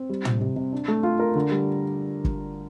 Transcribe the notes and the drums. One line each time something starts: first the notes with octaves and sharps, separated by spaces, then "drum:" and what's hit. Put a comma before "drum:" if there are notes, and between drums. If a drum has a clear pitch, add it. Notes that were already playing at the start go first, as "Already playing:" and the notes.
Already playing: C4
G3
C3, drum: tom
C3
C3
D4
A3
F4
A#4
D3
G3
drum: kick